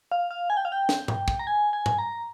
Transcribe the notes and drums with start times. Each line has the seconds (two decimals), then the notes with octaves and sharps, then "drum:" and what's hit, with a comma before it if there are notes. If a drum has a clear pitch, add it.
0.12 F5
0.31 F5
0.50 G#5
0.57 G5
0.65 F5
0.72 G5
0.89 drum: snare
1.08 drum: tom G#2
1.28 drum: kick
1.39 A#5
1.47 G#5
1.73 G#5
1.86 drum: tom G#2
1.99 A#5